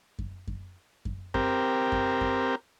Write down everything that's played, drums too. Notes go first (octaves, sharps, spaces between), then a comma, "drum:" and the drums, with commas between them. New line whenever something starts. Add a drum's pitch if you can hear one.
drum: kick F#2
drum: kick F#2
drum: kick F#2
C4 G4 A#4, drum: kick F#2
drum: kick F#2
drum: kick F#2